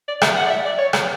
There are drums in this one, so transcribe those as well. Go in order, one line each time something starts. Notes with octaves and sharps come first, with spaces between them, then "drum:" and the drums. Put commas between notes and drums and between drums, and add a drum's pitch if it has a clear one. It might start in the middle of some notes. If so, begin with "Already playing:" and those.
D5
E5, drum: rim click
F#5
D5
E5
D5
C#5
drum: rim click